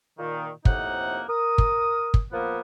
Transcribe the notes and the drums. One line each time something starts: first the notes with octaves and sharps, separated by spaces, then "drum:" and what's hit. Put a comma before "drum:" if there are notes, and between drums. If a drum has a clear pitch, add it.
A#2 D#3
F2 A2 C3 A#3 D#4 F#5, drum: kick
A#4 D#6
drum: kick
drum: kick
F3 A#3 B3